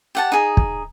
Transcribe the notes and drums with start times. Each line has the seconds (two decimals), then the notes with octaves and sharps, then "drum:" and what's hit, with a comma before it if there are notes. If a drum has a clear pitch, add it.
0.15 G4 F#5 A5
0.32 D#4 G#4
0.57 drum: kick